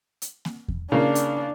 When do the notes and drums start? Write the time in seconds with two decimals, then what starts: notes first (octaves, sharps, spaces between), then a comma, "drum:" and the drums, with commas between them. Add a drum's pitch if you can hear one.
0.22 drum: hi-hat
0.45 drum: snare A#3
0.68 drum: kick E2
0.92 C#3 A#3 D4
1.15 drum: hi-hat